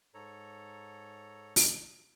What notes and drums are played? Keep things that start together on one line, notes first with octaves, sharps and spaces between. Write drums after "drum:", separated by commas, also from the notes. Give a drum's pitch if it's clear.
G#2 A4 C#5 A#5
drum: open hi-hat